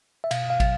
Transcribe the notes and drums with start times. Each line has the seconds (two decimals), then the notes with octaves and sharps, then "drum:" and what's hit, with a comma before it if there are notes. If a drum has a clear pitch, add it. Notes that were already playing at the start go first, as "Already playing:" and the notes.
0.24 E5
0.31 B2 F5, drum: cymbal
0.50 F5
0.60 F#3, drum: kick, cymbal